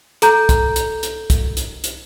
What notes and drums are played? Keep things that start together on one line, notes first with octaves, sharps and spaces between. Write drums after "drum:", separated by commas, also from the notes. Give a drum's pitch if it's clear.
A4 A#5 G6, drum: hi-hat
drum: kick, hi-hat
drum: hi-hat
drum: hi-hat
drum: kick, hi-hat
drum: hi-hat
drum: hi-hat